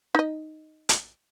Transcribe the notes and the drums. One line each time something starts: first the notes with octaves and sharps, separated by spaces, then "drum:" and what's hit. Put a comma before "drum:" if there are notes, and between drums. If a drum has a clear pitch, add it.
D#4 D#5
drum: hi-hat